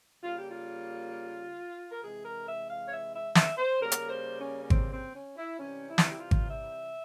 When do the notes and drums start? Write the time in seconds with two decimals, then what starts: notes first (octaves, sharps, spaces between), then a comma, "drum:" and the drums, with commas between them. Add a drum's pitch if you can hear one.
0.23 C#3 G3 A#3 F4
0.35 G4
0.49 F4
1.90 A#4
2.02 C3 E3 G#3 G#4
2.24 A#4
2.47 E5
2.69 F5
2.86 C#5
2.92 E5
3.13 E5
3.35 E5, drum: snare
3.57 C5
3.81 C#3 G3 A#3 A#4
3.92 drum: hi-hat
4.06 A#4
4.10 C5
4.39 C#4
4.62 C#4
4.70 C4, drum: kick G#1
4.92 C4
5.14 C#4
5.37 E4
5.58 C3 E3 G3 C#4
5.88 E4
5.98 drum: snare
6.09 G4
6.19 F4
6.31 drum: kick G#1
6.48 E5